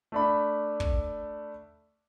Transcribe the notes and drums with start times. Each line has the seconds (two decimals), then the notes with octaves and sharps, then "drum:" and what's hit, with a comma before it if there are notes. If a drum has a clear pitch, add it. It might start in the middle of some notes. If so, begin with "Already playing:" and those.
0.12 A3 D4 B5
0.80 drum: kick